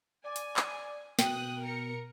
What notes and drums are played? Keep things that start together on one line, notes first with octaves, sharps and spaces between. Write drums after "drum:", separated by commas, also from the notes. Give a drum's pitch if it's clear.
D5 G#5
drum: hi-hat
drum: clap
B2 G5 D#6 F#6, drum: snare
A#4 C#7